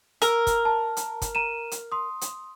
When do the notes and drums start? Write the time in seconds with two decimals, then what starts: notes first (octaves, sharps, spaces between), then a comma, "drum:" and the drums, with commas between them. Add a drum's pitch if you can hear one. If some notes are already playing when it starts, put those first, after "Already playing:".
0.22 A#4 E6 F6, drum: hi-hat
0.47 drum: kick, hi-hat
0.65 A5
0.97 drum: hi-hat
1.22 drum: kick, hi-hat
1.35 A#5 D#7 E7
1.71 drum: hi-hat
1.92 C6 D#6
2.21 drum: hi-hat